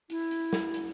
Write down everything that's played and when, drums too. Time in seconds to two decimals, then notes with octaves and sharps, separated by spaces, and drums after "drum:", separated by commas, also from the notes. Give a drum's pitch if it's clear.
0.10 E4, drum: hi-hat
0.31 drum: hi-hat
0.53 drum: snare
0.74 drum: hi-hat